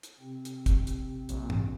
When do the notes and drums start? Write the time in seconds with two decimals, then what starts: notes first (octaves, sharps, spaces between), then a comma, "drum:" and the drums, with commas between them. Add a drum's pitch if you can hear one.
0.03 drum: hi-hat
0.19 C3 C4
0.45 drum: hi-hat
0.66 drum: kick, hi-hat
0.87 drum: hi-hat
1.29 A#1, drum: hi-hat
1.50 drum: tom